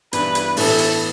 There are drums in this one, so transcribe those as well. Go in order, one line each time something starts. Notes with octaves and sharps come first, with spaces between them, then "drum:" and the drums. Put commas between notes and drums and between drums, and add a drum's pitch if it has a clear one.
G2 E3 B3 D4 B4, drum: hi-hat
drum: hi-hat
A2 E3 B3 A4, drum: open hi-hat
drum: hi-hat